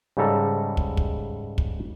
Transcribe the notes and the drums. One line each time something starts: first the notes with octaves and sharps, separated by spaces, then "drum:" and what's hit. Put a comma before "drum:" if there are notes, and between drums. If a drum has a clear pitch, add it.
G#2 C#3 G3 A4 A#5
drum: kick
drum: kick
drum: kick